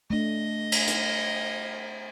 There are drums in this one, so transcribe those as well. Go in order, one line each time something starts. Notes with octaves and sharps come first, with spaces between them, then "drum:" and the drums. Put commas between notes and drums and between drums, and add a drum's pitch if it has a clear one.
A3 D4 D#5
drum: cymbal
drum: hi-hat